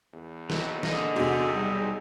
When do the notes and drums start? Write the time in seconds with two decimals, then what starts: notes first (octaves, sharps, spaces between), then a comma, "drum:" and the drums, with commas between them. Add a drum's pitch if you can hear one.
0.13 E2
0.50 D#2 F#3, drum: snare
0.83 A#2 D3 D#4 G#4, drum: snare
1.16 E2 C3 F#4
1.53 B1 G3